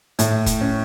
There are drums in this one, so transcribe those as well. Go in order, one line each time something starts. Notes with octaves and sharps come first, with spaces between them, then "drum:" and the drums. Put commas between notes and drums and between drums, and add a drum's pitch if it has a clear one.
A2, drum: hi-hat
drum: kick F1, hi-hat
C#4